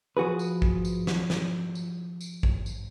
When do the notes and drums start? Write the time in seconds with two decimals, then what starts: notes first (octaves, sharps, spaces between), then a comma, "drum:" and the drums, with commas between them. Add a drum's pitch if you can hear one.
0.17 F3 F#4 G#4 B4
0.39 drum: tambourine
0.62 drum: kick A1
0.85 drum: tambourine
1.07 drum: snare
1.30 drum: snare
1.75 drum: tambourine
2.21 drum: tambourine
2.43 drum: kick A1
2.66 drum: tambourine